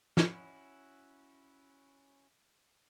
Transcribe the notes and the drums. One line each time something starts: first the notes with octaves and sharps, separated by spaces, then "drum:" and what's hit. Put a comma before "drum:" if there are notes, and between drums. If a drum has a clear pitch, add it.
C#4 E4 F#4, drum: snare